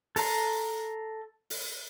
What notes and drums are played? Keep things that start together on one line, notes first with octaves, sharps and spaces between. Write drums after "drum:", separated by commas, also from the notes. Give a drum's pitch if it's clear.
A4 A#5 C6, drum: open hi-hat
drum: open hi-hat